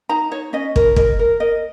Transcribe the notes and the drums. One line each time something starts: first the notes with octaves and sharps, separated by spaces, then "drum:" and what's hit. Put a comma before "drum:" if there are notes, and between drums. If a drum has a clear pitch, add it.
D#4 A#5
D#4 C#5
C#4 D#5
A#4, drum: kick
A#4 D#5, drum: kick
A#4
A#4 D#5